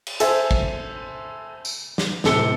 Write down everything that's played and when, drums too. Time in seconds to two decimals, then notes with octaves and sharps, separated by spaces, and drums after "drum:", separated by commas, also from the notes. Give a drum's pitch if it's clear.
0.07 drum: cymbal
0.20 A4 C5 E5 G#5, drum: hi-hat
0.51 drum: kick
1.65 drum: tambourine
1.98 drum: snare
2.24 D1 C3 A4 C#7 G7, drum: snare